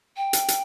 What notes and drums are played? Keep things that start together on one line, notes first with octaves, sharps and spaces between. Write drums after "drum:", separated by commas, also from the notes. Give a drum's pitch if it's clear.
G5
drum: hi-hat
drum: hi-hat